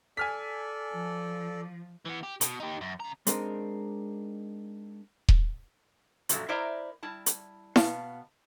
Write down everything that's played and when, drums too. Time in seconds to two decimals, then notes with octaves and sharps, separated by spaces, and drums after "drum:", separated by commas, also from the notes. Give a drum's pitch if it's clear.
0.17 A4 D5 G#5 F6 B6
0.93 F3
2.06 E3 B3
2.23 G4
2.41 B2, drum: hi-hat
2.60 D#4 G4
2.81 F#2
3.00 C#3 A#5
3.27 G#3 C4 D4 D#4 A#4, drum: hi-hat
5.29 drum: kick D#1
6.29 F#2 A#2 F3 F#3 A3, drum: hi-hat
6.48 E4 A#4 C5 D5 E5 A#5
7.03 G3 E4 A5
7.26 drum: hi-hat
7.76 B2 B3 F5 A5, drum: snare E4